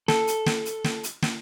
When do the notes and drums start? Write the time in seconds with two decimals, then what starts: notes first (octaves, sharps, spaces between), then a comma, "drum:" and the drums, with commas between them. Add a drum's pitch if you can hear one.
0.08 A4, drum: snare
0.27 drum: hi-hat
0.46 drum: snare
0.65 drum: hi-hat
0.84 drum: snare
1.03 drum: hi-hat
1.22 drum: snare